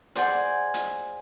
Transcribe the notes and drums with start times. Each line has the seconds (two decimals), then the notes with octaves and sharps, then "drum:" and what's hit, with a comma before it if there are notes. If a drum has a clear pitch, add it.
0.15 G#4 C5 D5 F#5 G#5, drum: hi-hat
0.74 drum: hi-hat